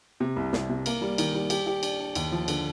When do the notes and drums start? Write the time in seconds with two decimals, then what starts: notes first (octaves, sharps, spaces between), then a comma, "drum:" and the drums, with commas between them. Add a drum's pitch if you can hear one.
0.20 C3
0.36 C2
0.53 C2, drum: snare
0.69 C3
0.86 A#3, drum: cymbal
1.01 G3
1.18 D#3, drum: cymbal
1.34 G3
1.50 G4, drum: cymbal
1.67 G4
1.83 D4, drum: cymbal
1.99 D4
2.15 D#2, drum: cymbal
2.32 F3
2.48 D3, drum: cymbal